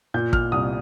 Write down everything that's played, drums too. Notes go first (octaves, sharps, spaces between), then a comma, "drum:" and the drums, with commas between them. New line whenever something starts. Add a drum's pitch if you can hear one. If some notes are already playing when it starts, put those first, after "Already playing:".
A#2 G6
F6, drum: kick
C2 D#6